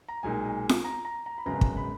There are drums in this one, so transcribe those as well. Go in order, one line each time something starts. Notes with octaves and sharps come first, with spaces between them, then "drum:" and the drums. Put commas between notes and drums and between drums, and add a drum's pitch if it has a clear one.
A#5
B1 A#2 G#3 D#4 G#5
drum: snare F4
A#5
A#5
A#5
B5
G#1 F#2 C#3 G#3 B3 A#5
drum: kick
B5